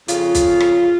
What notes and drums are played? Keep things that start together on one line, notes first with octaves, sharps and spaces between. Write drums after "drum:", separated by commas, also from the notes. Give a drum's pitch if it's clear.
F2 C#3 F4, drum: hi-hat
drum: kick, hi-hat
drum: rim click